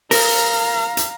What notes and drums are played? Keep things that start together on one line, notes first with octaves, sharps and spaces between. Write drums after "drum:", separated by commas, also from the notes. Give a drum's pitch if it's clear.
A#4 F5 A#5, drum: open hi-hat
drum: hi-hat